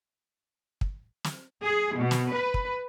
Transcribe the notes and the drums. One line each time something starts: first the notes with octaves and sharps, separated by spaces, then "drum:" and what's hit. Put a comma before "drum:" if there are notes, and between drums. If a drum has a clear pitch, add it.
drum: kick
drum: snare
G#4
B2
drum: snare
B4
drum: kick